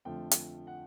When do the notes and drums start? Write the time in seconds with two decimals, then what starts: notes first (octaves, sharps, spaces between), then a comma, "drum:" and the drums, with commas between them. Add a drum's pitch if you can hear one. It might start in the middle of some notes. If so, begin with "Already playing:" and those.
0.05 F2 D3 F3 A3 G5
0.31 drum: hi-hat
0.67 F#5